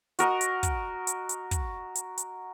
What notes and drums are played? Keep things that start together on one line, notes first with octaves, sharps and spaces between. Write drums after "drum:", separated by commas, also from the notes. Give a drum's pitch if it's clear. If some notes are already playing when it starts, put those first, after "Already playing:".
F#4 A#4 D#5, drum: hi-hat
drum: hi-hat
drum: kick, hi-hat
drum: hi-hat
drum: hi-hat
drum: kick, hi-hat
drum: hi-hat
drum: hi-hat